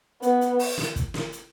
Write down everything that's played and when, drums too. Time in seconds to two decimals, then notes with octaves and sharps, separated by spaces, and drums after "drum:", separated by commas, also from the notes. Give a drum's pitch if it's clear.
0.22 B3, drum: hi-hat
0.41 drum: hi-hat
0.59 drum: open hi-hat
0.78 drum: snare
0.96 drum: kick, hi-hat
1.14 drum: snare
1.32 drum: hi-hat